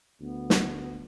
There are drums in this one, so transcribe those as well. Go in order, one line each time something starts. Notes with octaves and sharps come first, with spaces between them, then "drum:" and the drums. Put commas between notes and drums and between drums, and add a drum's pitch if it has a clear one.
D2 B3
drum: snare